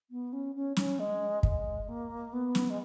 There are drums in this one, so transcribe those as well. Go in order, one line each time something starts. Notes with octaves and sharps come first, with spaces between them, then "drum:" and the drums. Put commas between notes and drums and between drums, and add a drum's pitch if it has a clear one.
B3
C#4
C#4
C#4, drum: snare
G#3
G#3, drum: kick
A#3
B3
drum: snare
G#3